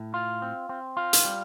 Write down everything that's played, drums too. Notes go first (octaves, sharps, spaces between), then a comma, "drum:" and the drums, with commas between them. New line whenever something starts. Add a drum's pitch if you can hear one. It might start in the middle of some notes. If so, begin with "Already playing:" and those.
Already playing: A2
F4
C4
C4
F4
drum: hi-hat
G3